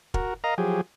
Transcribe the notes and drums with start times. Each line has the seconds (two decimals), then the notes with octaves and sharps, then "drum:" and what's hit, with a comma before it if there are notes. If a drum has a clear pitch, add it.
0.14 F#4 A#4, drum: kick
0.44 A#4 D#5 F5 A#5
0.58 F3 F#3 G4 G#4